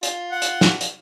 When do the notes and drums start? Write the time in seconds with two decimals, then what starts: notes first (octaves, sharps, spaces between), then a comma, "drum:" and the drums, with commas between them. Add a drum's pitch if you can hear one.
0.03 F4, drum: hi-hat
0.31 F#5
0.42 drum: hi-hat
0.61 drum: snare
0.81 drum: hi-hat